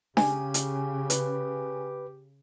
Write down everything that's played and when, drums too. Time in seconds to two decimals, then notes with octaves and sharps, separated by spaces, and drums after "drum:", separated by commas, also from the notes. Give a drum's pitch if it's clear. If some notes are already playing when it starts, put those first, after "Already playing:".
0.17 C#3 G4 G#5, drum: snare D4
0.54 drum: hi-hat
1.10 B4, drum: hi-hat